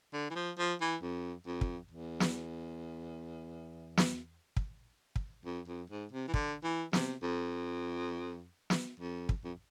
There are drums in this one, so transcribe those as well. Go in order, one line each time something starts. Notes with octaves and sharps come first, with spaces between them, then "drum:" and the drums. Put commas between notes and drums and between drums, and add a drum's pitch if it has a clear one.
D3
E3
F3
F3
E3
F2
F2
drum: kick
E2
drum: snare
drum: snare
drum: kick
drum: kick
F2
F2
G#2
C3
E3
D3, drum: kick
E3
C3, drum: snare
F2
drum: snare
F2
drum: kick
F2